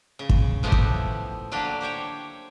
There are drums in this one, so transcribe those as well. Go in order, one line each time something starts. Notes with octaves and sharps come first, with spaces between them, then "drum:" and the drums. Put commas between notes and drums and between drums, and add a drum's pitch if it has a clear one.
C#3
drum: kick
A2 F3 B3 D#4 E4 G4
drum: kick
D3 F#3 A#3 D4 G4
G4 C5 C#5 G5